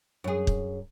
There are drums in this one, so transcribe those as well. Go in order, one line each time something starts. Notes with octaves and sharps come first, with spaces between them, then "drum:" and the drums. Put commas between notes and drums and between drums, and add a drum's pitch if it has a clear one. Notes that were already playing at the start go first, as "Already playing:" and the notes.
F#2 G#4
drum: kick